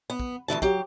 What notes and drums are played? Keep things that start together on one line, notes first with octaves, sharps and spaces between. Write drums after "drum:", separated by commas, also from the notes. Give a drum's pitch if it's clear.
B3
drum: kick
D2 C#3 E3 A5
F#3 G4, drum: kick